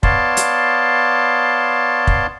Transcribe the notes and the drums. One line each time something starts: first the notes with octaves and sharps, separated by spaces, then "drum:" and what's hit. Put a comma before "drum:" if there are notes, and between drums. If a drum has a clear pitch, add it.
B3 C#5 D5 F5 A5 C6, drum: kick
drum: hi-hat
drum: kick